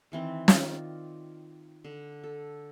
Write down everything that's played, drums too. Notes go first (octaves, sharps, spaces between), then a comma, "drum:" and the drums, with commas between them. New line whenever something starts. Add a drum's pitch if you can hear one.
D#3 E3 C4
D#3 F4 D5, drum: snare
D3
A4